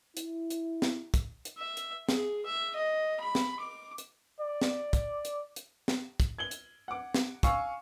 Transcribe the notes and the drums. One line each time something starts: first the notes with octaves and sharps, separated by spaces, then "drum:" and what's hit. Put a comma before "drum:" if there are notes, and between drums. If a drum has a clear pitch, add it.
E4, drum: hi-hat
drum: hi-hat
drum: snare
drum: kick, hi-hat
drum: hi-hat
E5
drum: hi-hat
G#4, drum: snare
E5
D#5
B5
drum: snare
D6
drum: hi-hat
D5
drum: snare
drum: kick, hi-hat
drum: hi-hat
drum: hi-hat
drum: snare
drum: kick, hi-hat
G#6 F#7 G7
drum: hi-hat
F#5 D6
drum: snare
F5 G#5 C#6 E6, drum: kick, hi-hat